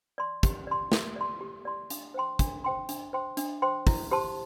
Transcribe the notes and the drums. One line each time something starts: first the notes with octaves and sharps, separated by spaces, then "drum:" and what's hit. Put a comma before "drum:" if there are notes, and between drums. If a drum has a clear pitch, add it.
D5 C6
G4, drum: kick, hi-hat
D5 C6
G4, drum: snare
D5 C6
G4
D5 C6
D4, drum: hi-hat
C5 G5 C6
D4, drum: kick, hi-hat
C5 G5 C6
D4, drum: hi-hat
C5 G5 C6
D4, drum: hi-hat
C5 G5 C6
E4, drum: kick, open hi-hat
G4 C5 A5 C6